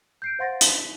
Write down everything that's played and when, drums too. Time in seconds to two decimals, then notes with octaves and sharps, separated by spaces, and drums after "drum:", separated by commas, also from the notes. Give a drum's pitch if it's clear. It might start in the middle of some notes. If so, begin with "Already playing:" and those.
0.22 G6 C7 D7
0.39 C5 F5 F#5 C6 A6 A#6
0.61 B6, drum: hi-hat